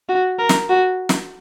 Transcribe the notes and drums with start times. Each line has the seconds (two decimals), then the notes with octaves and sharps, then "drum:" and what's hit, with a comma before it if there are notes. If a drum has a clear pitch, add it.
0.09 F#4
0.39 A#4
0.49 drum: snare
0.70 F#4
1.09 drum: snare